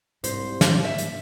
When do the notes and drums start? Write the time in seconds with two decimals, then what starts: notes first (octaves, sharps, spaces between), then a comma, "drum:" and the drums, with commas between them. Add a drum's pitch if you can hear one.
0.24 C2 G#2 C5, drum: hi-hat
0.61 drum: snare
0.85 D#2 E5
0.98 drum: hi-hat